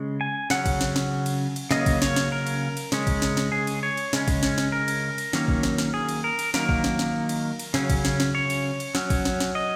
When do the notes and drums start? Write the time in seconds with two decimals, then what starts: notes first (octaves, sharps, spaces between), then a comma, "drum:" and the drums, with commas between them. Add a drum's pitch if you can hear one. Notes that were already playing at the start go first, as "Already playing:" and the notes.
Already playing: C#3 G#3 C#4
0.21 G#5
0.50 C#3 F#3 C#4 F#5, drum: snare
0.66 drum: kick, cymbal
0.81 drum: snare
0.96 drum: snare
1.26 drum: cymbal
1.56 drum: cymbal
1.71 C#3 F#3 A#3 C#4 D#5, drum: snare
1.86 drum: kick, cymbal
2.02 C#5, drum: snare
2.16 drum: snare
2.32 A#4
2.47 drum: cymbal
2.77 drum: cymbal
2.92 C#3 G#3 C#4, drum: snare
3.07 drum: kick, cymbal
3.22 drum: snare
3.37 drum: snare
3.52 G#4
3.67 drum: cymbal
3.83 C#5
3.97 drum: cymbal
4.13 C#3 G#3 C#4, drum: snare
4.28 drum: kick, cymbal
4.43 drum: snare
4.58 drum: snare
4.72 A#4
4.88 drum: cymbal
5.18 drum: cymbal
5.33 D#3 F#3 A#3 C#4, drum: snare
5.48 drum: kick
5.63 drum: snare
5.78 drum: snare
5.94 G#4
6.09 drum: cymbal
6.24 A#4
6.39 drum: cymbal
6.54 D#3 F#3 A#3 A#4, drum: snare
6.69 drum: kick
6.84 drum: snare
6.99 drum: snare
7.29 drum: cymbal
7.59 drum: cymbal
7.74 C#3 F#3 C#4, drum: snare
7.90 drum: kick, cymbal
8.05 drum: snare
8.20 drum: snare
8.35 C#5
8.50 drum: cymbal
8.80 drum: cymbal
8.95 F#3 C#4, drum: snare
9.10 drum: kick, cymbal
9.25 drum: snare
9.40 drum: snare
9.55 D#5